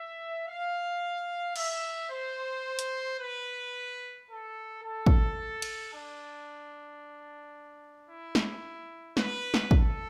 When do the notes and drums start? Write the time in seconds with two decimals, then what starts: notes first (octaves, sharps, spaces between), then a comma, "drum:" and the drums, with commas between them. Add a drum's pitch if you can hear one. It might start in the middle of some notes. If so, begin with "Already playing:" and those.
Already playing: E5
0.46 F5
1.56 E5, drum: cymbal
2.09 C5
2.79 drum: hi-hat
3.19 B4
4.27 A4
4.81 A4
5.06 drum: kick
5.62 drum: cymbal
5.91 D4
8.08 E4
8.35 drum: snare
9.17 B4, drum: snare
9.54 drum: snare
9.71 A4, drum: kick